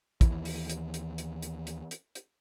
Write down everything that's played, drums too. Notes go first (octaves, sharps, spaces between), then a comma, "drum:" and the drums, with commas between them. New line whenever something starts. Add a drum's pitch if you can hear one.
D#2 E3, drum: kick, hi-hat
drum: open hi-hat
drum: hi-hat
drum: hi-hat
drum: hi-hat
drum: hi-hat
drum: hi-hat
drum: hi-hat
drum: hi-hat